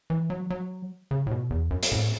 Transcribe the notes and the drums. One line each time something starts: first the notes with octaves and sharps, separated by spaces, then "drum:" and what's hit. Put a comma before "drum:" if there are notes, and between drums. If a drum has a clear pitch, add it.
E3
F#3
F#3
C#3
A2
B2
E2
F#2
drum: hi-hat
A2